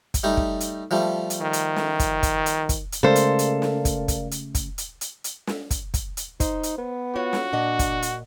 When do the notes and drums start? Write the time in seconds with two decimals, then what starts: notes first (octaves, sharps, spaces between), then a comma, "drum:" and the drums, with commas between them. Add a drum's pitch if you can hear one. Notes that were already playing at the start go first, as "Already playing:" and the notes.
0.14 drum: kick, hi-hat
0.24 G3 A3 D#4
0.37 drum: kick
0.60 drum: hi-hat
0.91 F3 G3 A3
1.30 drum: hi-hat
1.41 D#3
1.53 drum: hi-hat
1.76 drum: snare
2.00 drum: kick, hi-hat
2.23 drum: kick, hi-hat
2.46 drum: hi-hat
2.69 drum: kick, hi-hat
2.92 drum: hi-hat
3.03 C#3 G#3 A3 A4 A#4 C5 D5 F5
3.15 drum: hi-hat
3.39 drum: hi-hat
3.62 drum: snare
3.85 drum: kick, hi-hat
4.08 drum: kick, hi-hat
4.31 drum: hi-hat
4.55 drum: kick, hi-hat
4.78 drum: hi-hat
5.01 drum: hi-hat
5.24 drum: hi-hat
5.47 drum: snare
5.71 drum: kick, hi-hat
5.94 drum: kick, hi-hat
6.17 drum: hi-hat
6.40 D#4 C5, drum: kick, hi-hat
6.63 drum: hi-hat
6.78 B3
7.16 F4 F#4 C#5
7.33 drum: snare
7.53 A#2 D4 D#5 F#5
7.79 drum: kick, hi-hat
8.02 drum: hi-hat